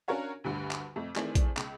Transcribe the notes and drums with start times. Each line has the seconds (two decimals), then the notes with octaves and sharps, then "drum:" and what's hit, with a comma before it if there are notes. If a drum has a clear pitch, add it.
0.08 C#4 D4 F#4 A#4 C#5 F5
0.44 D2 G2 D3
0.71 drum: clap
0.96 F2 A3
1.16 D#3 E3 A3 C4 G#4 D5, drum: clap
1.35 drum: kick A#1, hi-hat
1.57 C#2, drum: clap